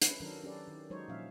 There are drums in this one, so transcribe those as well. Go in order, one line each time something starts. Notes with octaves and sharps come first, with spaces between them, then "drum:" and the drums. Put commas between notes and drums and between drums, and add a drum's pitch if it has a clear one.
C#4 E4 B4, drum: hi-hat
D#3 F#3 C#4 D4 A4 A#4
C#4 D4 G4 A4 B4 D5
D#3
F#3 G#3 D#4 C5 C#5
A#2 F3 G3 C#4 E5 F5